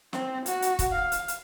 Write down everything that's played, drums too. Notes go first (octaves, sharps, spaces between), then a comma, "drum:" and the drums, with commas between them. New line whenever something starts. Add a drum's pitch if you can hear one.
C4, drum: snare
F#4, drum: hi-hat
drum: hi-hat
drum: kick, hi-hat
F5
drum: hi-hat
drum: hi-hat